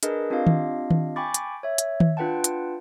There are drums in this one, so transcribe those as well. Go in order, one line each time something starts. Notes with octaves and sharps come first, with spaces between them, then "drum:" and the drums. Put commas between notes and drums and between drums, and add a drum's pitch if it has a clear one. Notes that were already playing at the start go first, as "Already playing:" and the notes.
D4 G#4 A#4 B4 D#5, drum: hi-hat
C4 D4 F4 G4 D#5 F5
drum: tom D#3
drum: tom D#3
G5 G#5 B5 C#6 D6 A6
drum: hi-hat
C#5 E5
drum: hi-hat
drum: tom D#3
D4 F4 B4 F#5 G5 A5
drum: hi-hat